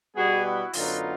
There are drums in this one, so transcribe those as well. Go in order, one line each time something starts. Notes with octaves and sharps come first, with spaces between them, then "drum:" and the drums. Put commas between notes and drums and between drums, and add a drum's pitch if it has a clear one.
B2 G3 B3 F#4 G#4
E4 F#4
F#2 D3 F#3 B3 D#4 F4, drum: open hi-hat